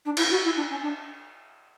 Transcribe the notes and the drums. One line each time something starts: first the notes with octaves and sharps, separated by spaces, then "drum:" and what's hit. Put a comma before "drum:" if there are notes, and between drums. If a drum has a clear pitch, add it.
D4
E4, drum: cymbal
F#4
E4
D4
C#4
D4